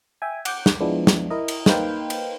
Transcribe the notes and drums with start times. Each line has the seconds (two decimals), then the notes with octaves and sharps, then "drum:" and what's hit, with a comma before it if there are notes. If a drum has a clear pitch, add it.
0.22 E5 G5 G#5
0.45 F#5 D6 G6, drum: cymbal
0.66 drum: snare
0.81 F3 G#3 B3 D4 E4
1.07 drum: snare
1.31 E4 A#4 D#5
1.48 drum: cymbal
1.66 A#3 D#4 B4 C5 F5 G5, drum: snare
2.10 drum: cymbal